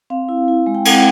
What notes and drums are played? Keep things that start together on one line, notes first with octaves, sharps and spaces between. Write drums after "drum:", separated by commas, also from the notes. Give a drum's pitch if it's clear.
C4 F5
E4
E4
G#3
G5
C4 F#5, drum: cymbal